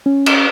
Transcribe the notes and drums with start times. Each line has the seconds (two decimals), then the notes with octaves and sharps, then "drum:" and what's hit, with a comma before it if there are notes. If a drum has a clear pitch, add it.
0.06 C#4
0.26 drum: cymbal